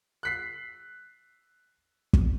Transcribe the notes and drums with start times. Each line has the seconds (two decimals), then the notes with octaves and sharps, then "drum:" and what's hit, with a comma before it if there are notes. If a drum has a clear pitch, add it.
0.23 F#6 B6 C7
2.13 drum: kick